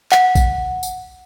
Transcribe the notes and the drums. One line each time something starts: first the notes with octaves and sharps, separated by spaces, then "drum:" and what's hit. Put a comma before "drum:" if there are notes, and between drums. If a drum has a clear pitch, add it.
F#5, drum: clap
drum: kick A1, tambourine
drum: tambourine